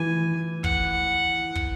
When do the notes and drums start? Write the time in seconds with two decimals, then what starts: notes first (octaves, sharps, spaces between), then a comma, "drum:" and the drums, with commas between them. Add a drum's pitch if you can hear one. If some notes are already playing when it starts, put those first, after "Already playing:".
Already playing: E3 G#5
0.64 F#5, drum: kick
1.55 drum: kick